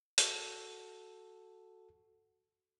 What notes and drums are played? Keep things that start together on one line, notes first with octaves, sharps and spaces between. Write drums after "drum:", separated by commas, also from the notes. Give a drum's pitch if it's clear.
F#4 A4, drum: hi-hat